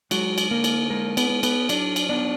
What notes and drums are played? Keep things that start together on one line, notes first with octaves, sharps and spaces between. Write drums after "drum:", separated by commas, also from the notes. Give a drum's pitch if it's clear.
F#3 G#3 F#4, drum: cymbal
drum: cymbal
D3 A#3 A#4
drum: cymbal
G#3 A#3 A#4
B3 B4, drum: cymbal
B3
B3 B4, drum: cymbal
F#3 D4 D5, drum: cymbal
drum: cymbal
B3 D4 D5